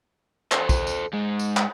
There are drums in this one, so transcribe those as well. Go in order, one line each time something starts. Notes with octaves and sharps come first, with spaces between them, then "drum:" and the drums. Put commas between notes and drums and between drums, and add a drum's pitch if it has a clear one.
A4 C5, drum: clap
drum: kick, tambourine
drum: tambourine
G#2 G#3
drum: tambourine
drum: clap